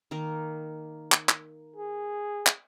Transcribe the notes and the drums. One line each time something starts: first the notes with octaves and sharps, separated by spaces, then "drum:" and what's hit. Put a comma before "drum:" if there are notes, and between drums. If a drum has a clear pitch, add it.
D#3 A#3 A#4
drum: clap
drum: clap
G#4
drum: clap